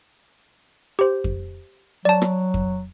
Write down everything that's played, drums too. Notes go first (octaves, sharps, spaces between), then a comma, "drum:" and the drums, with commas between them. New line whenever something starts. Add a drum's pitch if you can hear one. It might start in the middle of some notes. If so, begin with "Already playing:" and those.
G4 C5
drum: kick F2
F#3 D5 A5
drum: rim click
drum: kick F2